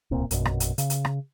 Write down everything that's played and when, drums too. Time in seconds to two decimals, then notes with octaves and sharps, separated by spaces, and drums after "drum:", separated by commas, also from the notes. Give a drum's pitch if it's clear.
0.11 D1 C2 A#2 C4
0.31 A#1 F#2 B2, drum: hi-hat
0.45 drum: rim click
0.60 drum: hi-hat
0.78 C#3, drum: hi-hat
0.90 drum: hi-hat
1.05 drum: rim click